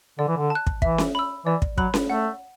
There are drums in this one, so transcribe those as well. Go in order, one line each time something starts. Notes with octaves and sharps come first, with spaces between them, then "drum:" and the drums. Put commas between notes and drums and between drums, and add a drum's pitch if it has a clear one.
D3 D5
E3
D3
A5
F#6
drum: kick
E3 E5, drum: kick
drum: snare C#4
B5 E6
E3 D5
drum: kick
F#3 B5 F#6, drum: kick
drum: snare C#4
A3 F#5